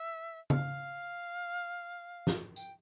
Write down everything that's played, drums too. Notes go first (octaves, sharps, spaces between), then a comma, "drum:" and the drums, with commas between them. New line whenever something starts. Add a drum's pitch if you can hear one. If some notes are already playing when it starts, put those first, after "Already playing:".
Already playing: E5
F5, drum: tom
drum: snare
G5, drum: tambourine